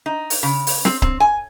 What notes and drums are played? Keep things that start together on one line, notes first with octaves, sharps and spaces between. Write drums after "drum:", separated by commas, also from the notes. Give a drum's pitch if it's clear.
D#4
drum: open hi-hat
C#3
drum: open hi-hat
C4, drum: snare
C4, drum: kick C#1
G#5